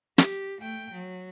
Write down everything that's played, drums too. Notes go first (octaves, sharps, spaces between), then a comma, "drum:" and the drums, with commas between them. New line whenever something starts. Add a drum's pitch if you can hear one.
G4, drum: snare
A3 G5
F#3